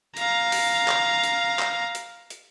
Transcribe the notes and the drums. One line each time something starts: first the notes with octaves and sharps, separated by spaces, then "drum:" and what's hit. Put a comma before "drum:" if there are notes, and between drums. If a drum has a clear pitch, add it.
F5 A#5, drum: hi-hat
drum: open hi-hat
drum: clap
drum: hi-hat
drum: clap
drum: hi-hat
drum: hi-hat